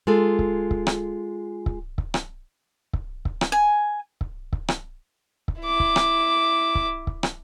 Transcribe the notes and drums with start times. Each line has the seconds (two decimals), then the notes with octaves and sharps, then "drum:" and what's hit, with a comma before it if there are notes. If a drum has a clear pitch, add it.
0.07 G#3 F4 G#4 A4
0.39 drum: kick C#1
0.71 drum: kick C#1
0.87 drum: rim click
1.66 drum: kick C#1
1.98 drum: kick C#1
2.14 drum: rim click
2.93 drum: kick C#1
3.25 drum: kick C#1
3.41 drum: rim click
3.52 G#5
4.21 drum: kick C#1
4.53 drum: kick C#1
4.68 drum: rim click
5.48 drum: kick C#1
5.61 E4 D6
5.80 drum: kick C#1
5.96 drum: rim click
6.75 drum: kick C#1
7.07 drum: kick C#1
7.23 drum: rim click